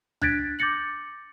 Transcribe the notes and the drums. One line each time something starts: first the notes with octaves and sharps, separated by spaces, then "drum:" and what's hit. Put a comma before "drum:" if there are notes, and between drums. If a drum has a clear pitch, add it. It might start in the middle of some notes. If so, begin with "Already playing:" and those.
D4 F#6 G#6 A6 B6 D7, drum: tom C#2
D6 G6 A6 A#6 C#7 F#7